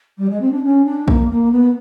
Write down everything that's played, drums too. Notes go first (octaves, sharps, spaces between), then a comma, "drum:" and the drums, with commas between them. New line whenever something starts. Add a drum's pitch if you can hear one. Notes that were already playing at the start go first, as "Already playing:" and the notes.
G3
G#3
C4
D4
C#4
D4
A#3, drum: kick A#1
A#3
B3